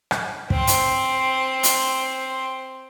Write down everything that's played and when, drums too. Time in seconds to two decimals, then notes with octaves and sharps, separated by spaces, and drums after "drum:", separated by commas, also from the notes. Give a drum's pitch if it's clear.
0.11 drum: rim click
0.50 C4 C6, drum: kick
0.67 drum: hi-hat
1.63 drum: hi-hat